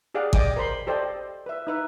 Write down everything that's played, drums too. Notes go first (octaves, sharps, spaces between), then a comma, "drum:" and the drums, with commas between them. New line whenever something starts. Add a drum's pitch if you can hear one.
G4 G#4 D5 F5 F#5
D5 D#5 G5 G#5 D6 D#6, drum: kick
A#4 C5 B5 C6
G4 A4 C5 D5 D#5 G5
B4 E5
D#4 B4 E5